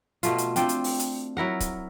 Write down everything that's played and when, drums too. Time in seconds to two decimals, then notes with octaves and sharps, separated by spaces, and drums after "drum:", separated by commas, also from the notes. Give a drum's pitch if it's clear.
0.23 B2 A3 F4, drum: hi-hat
0.38 drum: hi-hat
0.56 C4 D4 F4 G5, drum: hi-hat
0.69 drum: hi-hat
0.84 drum: open hi-hat
0.99 drum: hi-hat
1.37 F#3 E4 A#4 F#5
1.60 drum: kick C#1, hi-hat